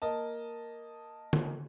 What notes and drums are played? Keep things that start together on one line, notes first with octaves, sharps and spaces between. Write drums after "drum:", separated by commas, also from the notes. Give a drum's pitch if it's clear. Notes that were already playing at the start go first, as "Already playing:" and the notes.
A#3 A#4 D#5 A5
drum: tom D3